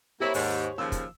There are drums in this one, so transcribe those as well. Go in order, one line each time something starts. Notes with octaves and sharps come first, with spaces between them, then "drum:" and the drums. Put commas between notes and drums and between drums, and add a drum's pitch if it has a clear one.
A#3 E4 G4 C5 C#5
D#2 G#2, drum: open hi-hat
D#2 C#3 F3 E6
drum: kick, hi-hat